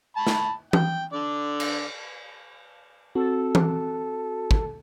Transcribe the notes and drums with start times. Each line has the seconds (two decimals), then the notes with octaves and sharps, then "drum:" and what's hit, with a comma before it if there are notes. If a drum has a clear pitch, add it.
0.17 A5 B5
0.27 drum: snare
0.73 G5, drum: tom E3
1.13 D3 D5
1.60 drum: cymbal
3.15 C4 F#4 A4
3.55 drum: tom E3
4.51 drum: kick